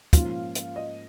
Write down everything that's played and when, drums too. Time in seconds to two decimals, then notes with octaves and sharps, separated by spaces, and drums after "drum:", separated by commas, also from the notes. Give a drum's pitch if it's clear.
0.13 G#2 F3 A#3 C#4 F4 F5, drum: kick, hi-hat
0.55 drum: hi-hat
0.76 D#5